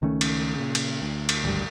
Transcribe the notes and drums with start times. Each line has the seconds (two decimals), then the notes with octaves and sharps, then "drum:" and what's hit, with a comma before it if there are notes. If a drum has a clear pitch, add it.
0.02 C#2 D#3 A3 C#4
0.21 drum: cymbal
0.55 A#2 C#3
0.75 drum: cymbal
1.02 D2
1.29 drum: cymbal
1.44 G#1 D2 G2 G3